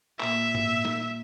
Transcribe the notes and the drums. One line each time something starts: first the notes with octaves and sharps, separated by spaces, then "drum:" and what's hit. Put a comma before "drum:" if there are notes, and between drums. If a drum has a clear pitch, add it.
A#2 E5, drum: clap
drum: tom G#2
A#2
drum: snare